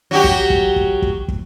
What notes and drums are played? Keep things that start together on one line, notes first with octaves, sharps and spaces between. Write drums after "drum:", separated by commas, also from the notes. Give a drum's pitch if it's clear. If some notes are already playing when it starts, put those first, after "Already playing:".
F#3 F#4 G4
drum: kick
drum: kick
drum: kick
drum: kick
drum: kick